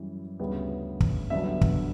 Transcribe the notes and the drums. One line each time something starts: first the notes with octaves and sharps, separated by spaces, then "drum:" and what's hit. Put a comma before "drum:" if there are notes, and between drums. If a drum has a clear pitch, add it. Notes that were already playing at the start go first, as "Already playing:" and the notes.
Already playing: F#2 E3 G3
D2 C#3 G3 B3
drum: kick
G1 G2 D3 F#3 B3 E5
drum: kick